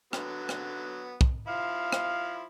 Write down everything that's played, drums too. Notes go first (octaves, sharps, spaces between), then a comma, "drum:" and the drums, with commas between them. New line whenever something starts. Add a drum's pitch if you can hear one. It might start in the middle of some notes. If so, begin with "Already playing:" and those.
D3 F#3 B3, drum: rim click
drum: rim click
drum: kick
F3 E4 F5
drum: rim click